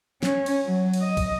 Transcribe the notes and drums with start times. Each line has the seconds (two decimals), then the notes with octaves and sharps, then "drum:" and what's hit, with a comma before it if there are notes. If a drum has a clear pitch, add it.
0.23 C#4, drum: snare
0.46 drum: cymbal
0.66 F#3
0.93 drum: cymbal
1.03 D#5
1.17 drum: kick, cymbal